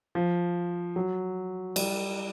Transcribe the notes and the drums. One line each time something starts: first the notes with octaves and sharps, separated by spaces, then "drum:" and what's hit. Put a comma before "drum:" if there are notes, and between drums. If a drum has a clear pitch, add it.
F3
F#3
G3, drum: cymbal